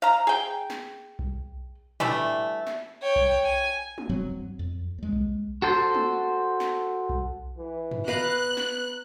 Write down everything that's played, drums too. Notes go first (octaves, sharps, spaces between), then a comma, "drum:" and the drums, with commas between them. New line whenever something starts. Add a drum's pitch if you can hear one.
F5 A#5
G#4 G5
drum: snare
drum: kick B1
E3 G3 A3 D4, drum: tom A2
drum: snare
C#5 G5
drum: kick B1
G#5
drum: tom
D#1 G2 F#3 C4
F2
D#2 G#3
drum: kick B1
F#4 A4 C5
drum: tom
drum: snare
drum: kick B1
E3
drum: tom F#2
B3 B4 F5 A#5 F#6
drum: snare